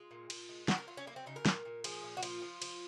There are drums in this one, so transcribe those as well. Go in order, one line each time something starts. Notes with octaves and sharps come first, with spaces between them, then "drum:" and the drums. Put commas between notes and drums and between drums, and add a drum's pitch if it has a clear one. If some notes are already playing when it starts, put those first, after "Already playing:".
Already playing: G#3 F4
A#2
A#2, drum: cymbal
G#3
F#3 F#4, drum: snare
A#4
F#3 F4
C#4
F#3 A#3
C4
C#3 D#4
A#4
A#2, drum: snare
A#2
F3 G#4, drum: cymbal
A#2
F#4
F3 F4, drum: cymbal
F3
F3, drum: cymbal